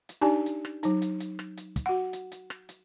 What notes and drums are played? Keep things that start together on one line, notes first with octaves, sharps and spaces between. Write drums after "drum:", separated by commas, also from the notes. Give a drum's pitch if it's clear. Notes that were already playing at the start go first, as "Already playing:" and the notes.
drum: hi-hat
D4 D#4 G4 D5 G#5 A5
drum: hi-hat
drum: rim click
F#3 D#4, drum: hi-hat
drum: hi-hat
drum: hi-hat
drum: rim click
drum: hi-hat
drum: kick, hi-hat
F#4 F#5
drum: hi-hat
drum: hi-hat
drum: rim click
drum: hi-hat